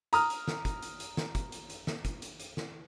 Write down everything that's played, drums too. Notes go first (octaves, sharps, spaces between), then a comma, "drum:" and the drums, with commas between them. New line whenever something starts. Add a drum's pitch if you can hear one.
A#5 D#6 F6, drum: hi-hat
drum: hi-hat
drum: snare
drum: kick, hi-hat
drum: hi-hat
drum: hi-hat
drum: snare
drum: kick, hi-hat
drum: hi-hat
drum: hi-hat
drum: snare
drum: kick, hi-hat
drum: hi-hat
drum: hi-hat
drum: snare